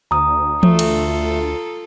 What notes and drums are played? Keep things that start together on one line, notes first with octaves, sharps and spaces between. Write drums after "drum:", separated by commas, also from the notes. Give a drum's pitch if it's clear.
D2 A#5 D#6
A3 F4 A4, drum: tom E3
drum: cymbal